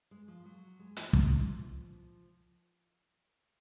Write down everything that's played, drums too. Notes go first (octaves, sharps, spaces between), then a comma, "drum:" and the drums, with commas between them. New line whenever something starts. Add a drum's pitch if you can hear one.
G#3
F3
F#3
G#3
E3, drum: hi-hat
F3, drum: kick